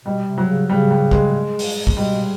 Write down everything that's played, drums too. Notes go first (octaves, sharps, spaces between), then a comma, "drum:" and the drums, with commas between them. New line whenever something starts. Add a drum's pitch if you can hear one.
B2 G3
C3
F#3
C#3
C#3 G3
G3
G#3, drum: kick
drum: open hi-hat
drum: kick
B2 G3